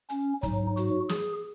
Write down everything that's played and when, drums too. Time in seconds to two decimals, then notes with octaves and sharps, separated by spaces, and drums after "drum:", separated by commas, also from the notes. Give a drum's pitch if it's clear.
0.10 C#4, drum: hi-hat
0.43 G#2 F#3 D#4, drum: kick, hi-hat
0.77 F#4, drum: hi-hat
1.09 G#4, drum: snare